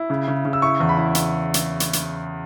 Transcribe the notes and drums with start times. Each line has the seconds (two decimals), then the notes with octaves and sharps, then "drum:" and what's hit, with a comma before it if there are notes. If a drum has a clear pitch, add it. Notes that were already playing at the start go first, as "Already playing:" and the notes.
Already playing: E4
0.10 C#3
0.28 C#3
0.45 C#3
0.53 E6
0.62 E4 C#6
0.80 E2
0.89 B5
0.97 E4
1.15 drum: hi-hat
1.54 drum: hi-hat
1.80 drum: hi-hat
1.93 drum: hi-hat